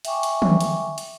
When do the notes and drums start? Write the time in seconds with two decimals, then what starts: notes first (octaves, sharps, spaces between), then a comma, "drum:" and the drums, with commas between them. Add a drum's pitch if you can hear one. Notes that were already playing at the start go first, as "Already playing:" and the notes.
0.05 E5 G5 G#5 C#6 D6, drum: hi-hat
0.23 drum: hi-hat
0.42 drum: tom
0.61 drum: hi-hat
0.98 drum: hi-hat